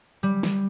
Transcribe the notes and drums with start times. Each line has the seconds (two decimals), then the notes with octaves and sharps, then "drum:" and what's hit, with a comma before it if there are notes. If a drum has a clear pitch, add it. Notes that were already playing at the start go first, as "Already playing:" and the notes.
0.23 G3
0.43 drum: snare